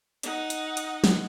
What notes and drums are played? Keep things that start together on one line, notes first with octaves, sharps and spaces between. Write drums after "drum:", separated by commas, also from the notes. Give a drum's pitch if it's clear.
D#4 F#5, drum: hi-hat
drum: hi-hat
drum: hi-hat
drum: snare